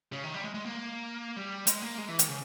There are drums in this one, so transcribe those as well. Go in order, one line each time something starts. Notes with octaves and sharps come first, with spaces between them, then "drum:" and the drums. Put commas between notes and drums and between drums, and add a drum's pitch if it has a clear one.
C#3
D#3
G3
G#3
G#3
A#3
G3
G#3, drum: hi-hat
A#3
G#3
E3
D#3, drum: hi-hat
C#3